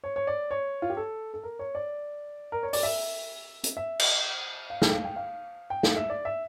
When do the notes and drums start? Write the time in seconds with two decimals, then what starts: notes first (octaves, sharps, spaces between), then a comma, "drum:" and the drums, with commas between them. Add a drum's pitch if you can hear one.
0.04 C#5
0.16 C#5
0.27 D5
0.51 C#5
0.82 F4
0.90 G4
0.97 A4
1.34 A4
1.43 A#4
1.59 C#5
1.75 D5
2.52 A#4
2.63 C#5
2.73 D5, drum: open hi-hat
2.83 E5
3.64 drum: hi-hat
3.77 E5
4.00 drum: cymbal
4.70 F5
4.82 G5, drum: snare
4.93 F5
5.05 G5
5.16 F5
5.70 G5
5.83 F5, drum: snare
5.97 E5
6.10 D5
6.25 E5